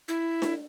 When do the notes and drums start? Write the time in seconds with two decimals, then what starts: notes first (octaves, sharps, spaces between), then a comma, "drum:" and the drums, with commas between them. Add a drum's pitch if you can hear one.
0.08 E4
0.42 drum: snare D4